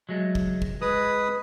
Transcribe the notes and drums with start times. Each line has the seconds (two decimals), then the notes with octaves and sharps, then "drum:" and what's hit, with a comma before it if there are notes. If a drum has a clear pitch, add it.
0.09 F#3 G#3 A3
0.35 drum: kick
0.62 drum: kick
0.82 G#3 B4 D#6